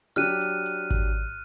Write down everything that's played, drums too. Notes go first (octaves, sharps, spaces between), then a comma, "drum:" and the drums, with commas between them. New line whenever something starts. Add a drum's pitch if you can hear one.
F#3 D4 G4 F6 F#6 D#7, drum: hi-hat
drum: hi-hat
drum: hi-hat
drum: kick G#1, hi-hat